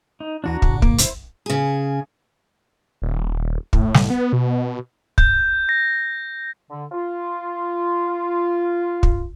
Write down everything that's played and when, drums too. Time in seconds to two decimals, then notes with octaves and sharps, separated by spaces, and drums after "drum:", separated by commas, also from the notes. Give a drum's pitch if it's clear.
0.20 D#4
0.44 D#2 E3 D4 E4 F#4 A#5
0.62 A2 C#3, drum: kick
0.82 A#3, drum: kick
0.98 E4 C5, drum: hi-hat
1.46 C#3 G#4
3.02 D#1
3.73 A2, drum: kick
3.94 drum: snare
4.10 B3
4.33 B2
5.18 G6, drum: kick
5.69 A#6
6.70 D3
6.92 F4
9.03 drum: kick